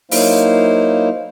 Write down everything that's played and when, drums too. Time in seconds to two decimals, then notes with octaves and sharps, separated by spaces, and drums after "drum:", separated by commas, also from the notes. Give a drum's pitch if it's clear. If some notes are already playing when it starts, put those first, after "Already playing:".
0.11 F#3 A#3 D#4 E4 C5 F5, drum: open hi-hat